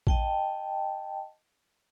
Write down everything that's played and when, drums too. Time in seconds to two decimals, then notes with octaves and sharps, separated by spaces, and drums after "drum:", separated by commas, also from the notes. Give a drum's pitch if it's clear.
0.07 D#5 G5 A5, drum: kick A#1